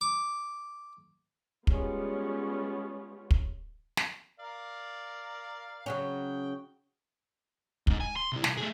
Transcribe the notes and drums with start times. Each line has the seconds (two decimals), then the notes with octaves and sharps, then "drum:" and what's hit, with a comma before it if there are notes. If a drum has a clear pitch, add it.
0.01 D6
1.67 G3 G#3 B3 C#4 F4, drum: kick
3.31 drum: kick
3.97 drum: snare
4.39 A#4 D5 F5
5.86 C#3 F#3 C#4 G5
7.87 B1 G#2, drum: kick
8.01 G#5
8.16 C6
8.32 C3 E4
8.44 C2, drum: snare
8.57 A3 G#4